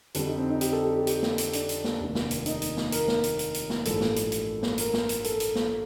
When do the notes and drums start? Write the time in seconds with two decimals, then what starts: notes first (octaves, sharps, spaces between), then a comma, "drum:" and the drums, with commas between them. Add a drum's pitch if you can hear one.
0.14 F2 D3 G3, drum: hi-hat
0.26 D#4
0.37 C4
0.49 D#4
0.61 G4, drum: hi-hat
0.72 A4
0.84 G4
0.95 G4
1.07 G4, drum: hi-hat
1.22 drum: snare
1.38 drum: hi-hat
1.53 D4, drum: hi-hat
1.69 drum: hi-hat
1.84 drum: snare
2.00 F1 D#2 D#3
2.15 drum: snare
2.31 drum: hi-hat
2.46 D#4, drum: hi-hat
2.62 drum: hi-hat
2.77 drum: snare
2.92 A#4, drum: hi-hat
3.08 drum: snare
3.23 drum: hi-hat
3.39 drum: hi-hat
3.54 drum: hi-hat
3.70 drum: snare
3.85 A1 G2 F3 A4, drum: hi-hat
4.01 drum: snare
4.16 drum: hi-hat
4.32 drum: hi-hat
4.63 drum: snare
4.78 A#4, drum: hi-hat
4.94 drum: snare
5.09 drum: hi-hat
5.24 A4, drum: hi-hat
5.40 drum: hi-hat
5.55 drum: snare